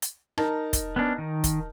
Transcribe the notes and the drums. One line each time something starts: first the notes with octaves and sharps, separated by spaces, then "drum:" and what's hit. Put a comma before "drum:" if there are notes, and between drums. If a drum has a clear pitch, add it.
drum: hi-hat
D#4 A#4 A5, drum: rim click
drum: kick, hi-hat
B3 C#4 D4
D#3
drum: kick, hi-hat